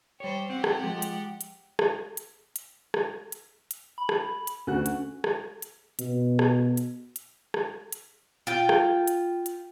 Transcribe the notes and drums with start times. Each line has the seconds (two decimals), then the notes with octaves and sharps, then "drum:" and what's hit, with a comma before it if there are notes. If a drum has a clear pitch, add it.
0.20 G3 G4 C5 C#5
0.50 C4 G4 F#5
0.64 drum: rim click
0.83 F3 G#3
1.02 drum: hi-hat
1.41 drum: hi-hat
1.79 drum: rim click
2.17 drum: hi-hat
2.56 drum: hi-hat
2.94 drum: rim click
3.32 drum: hi-hat
3.71 drum: hi-hat
3.98 B5
4.09 drum: rim click
4.47 drum: hi-hat
4.67 D2 C#4 F#4 F#6
4.86 drum: hi-hat
5.24 drum: rim click
5.62 drum: hi-hat
5.99 B2, drum: hi-hat
6.39 drum: rim click
6.77 drum: hi-hat
7.16 drum: hi-hat
7.54 drum: rim click
7.92 drum: hi-hat
8.47 F4 G5
8.69 drum: rim click
9.07 drum: hi-hat
9.46 drum: hi-hat